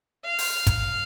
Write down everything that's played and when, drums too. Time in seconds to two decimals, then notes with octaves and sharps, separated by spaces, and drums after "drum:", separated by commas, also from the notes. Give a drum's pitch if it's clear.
0.24 F5
0.38 drum: open hi-hat
0.67 drum: kick, hi-hat